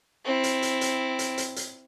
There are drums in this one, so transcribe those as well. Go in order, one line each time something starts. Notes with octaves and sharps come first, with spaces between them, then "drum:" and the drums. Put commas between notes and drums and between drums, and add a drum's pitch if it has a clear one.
C4 E4
drum: hi-hat
drum: hi-hat
drum: hi-hat
drum: hi-hat
drum: hi-hat
drum: hi-hat